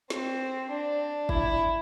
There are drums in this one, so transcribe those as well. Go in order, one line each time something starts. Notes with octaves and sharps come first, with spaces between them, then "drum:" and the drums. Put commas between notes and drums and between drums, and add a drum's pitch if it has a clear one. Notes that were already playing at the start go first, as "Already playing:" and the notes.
C4, drum: snare
D4
E4, drum: kick